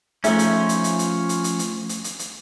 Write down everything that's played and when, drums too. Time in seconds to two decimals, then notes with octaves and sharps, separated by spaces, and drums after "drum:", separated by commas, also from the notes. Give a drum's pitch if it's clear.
0.24 F3 A3 C#4 D#4 A4 E5, drum: hi-hat
0.39 drum: hi-hat
0.69 drum: hi-hat
0.84 drum: hi-hat
0.99 drum: hi-hat
1.29 drum: hi-hat
1.44 drum: hi-hat
1.59 drum: hi-hat
1.89 drum: hi-hat
2.04 drum: hi-hat
2.19 drum: hi-hat